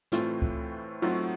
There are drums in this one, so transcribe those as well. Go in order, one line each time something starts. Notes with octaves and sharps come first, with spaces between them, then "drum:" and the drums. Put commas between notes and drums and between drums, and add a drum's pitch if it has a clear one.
A2 E3 A3 C4 F4, drum: snare
drum: kick C#2
F#3 A3 C4 D#4 F4 F#4